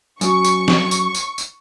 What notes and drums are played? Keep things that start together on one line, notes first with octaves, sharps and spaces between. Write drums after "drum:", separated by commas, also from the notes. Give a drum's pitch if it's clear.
F#2 C#6, drum: tambourine
drum: tambourine
drum: snare
drum: tambourine
drum: tambourine
drum: tambourine